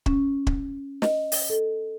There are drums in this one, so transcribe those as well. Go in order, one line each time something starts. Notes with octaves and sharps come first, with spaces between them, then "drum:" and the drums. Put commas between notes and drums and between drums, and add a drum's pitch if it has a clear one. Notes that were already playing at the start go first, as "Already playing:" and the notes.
C#4, drum: kick
drum: kick
D#5, drum: snare
drum: open hi-hat
A4